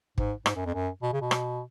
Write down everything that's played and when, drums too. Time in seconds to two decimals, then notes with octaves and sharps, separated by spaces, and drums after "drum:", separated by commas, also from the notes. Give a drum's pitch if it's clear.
0.18 G#2, drum: kick
0.46 G#2, drum: rim click
0.56 F#2
0.65 F2
0.74 F#2
1.03 B2
1.13 C#3
1.22 B2
1.31 drum: rim click